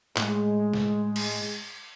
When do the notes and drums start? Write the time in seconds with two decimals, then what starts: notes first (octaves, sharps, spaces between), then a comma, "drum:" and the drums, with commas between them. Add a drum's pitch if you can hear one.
0.16 A2 G#3, drum: clap
0.74 drum: snare
1.16 drum: cymbal